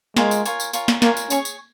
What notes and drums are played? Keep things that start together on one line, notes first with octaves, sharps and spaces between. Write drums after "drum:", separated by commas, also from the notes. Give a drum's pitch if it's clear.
G#3 F4 A#4 C#5 G#5, drum: snare
drum: tambourine
F4 A#4 C#5 G#5, drum: tambourine
drum: tambourine
F4 A#4 C#5 G#5, drum: tambourine
drum: snare
A#3 F4 A#4 C#5 G#5, drum: snare
drum: tambourine
C#4 G#4 C#5 G#5 C#6, drum: tambourine
drum: tambourine